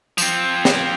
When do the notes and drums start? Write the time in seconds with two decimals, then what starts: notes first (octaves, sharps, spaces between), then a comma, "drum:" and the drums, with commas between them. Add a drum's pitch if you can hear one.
0.18 F3 C4, drum: tambourine
0.65 drum: snare